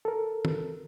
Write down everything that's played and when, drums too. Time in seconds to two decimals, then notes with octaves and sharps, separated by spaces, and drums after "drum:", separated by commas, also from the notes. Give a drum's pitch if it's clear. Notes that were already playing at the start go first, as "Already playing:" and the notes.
0.05 A4 A#4
0.45 drum: tom